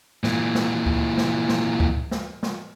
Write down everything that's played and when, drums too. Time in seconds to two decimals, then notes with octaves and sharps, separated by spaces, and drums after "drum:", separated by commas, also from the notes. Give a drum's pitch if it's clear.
0.24 A#2 E3, drum: snare
0.55 drum: snare
0.86 drum: kick C#2
1.17 drum: snare
1.49 drum: snare
1.80 drum: kick C#2
2.11 drum: snare
2.43 drum: snare